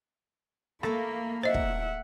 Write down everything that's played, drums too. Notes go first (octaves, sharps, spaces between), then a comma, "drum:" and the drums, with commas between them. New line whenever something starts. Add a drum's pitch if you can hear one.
A3 A#3 A4 B5, drum: rim click
C5 D#5 E5 F#5
drum: kick